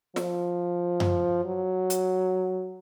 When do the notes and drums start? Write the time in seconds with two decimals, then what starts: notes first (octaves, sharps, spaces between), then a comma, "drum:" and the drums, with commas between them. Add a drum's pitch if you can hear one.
0.16 F3, drum: snare
1.00 drum: tom F#2
1.45 F#3
1.90 drum: hi-hat